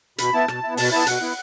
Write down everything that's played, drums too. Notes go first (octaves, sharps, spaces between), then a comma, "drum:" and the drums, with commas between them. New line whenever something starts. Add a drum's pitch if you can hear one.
B2 B5, drum: hi-hat
B3 E4 A5
B2, drum: rim click
B3 E4
B2 A5, drum: open hi-hat
B3 E4 A5
B2 F#5, drum: hi-hat
B3 E4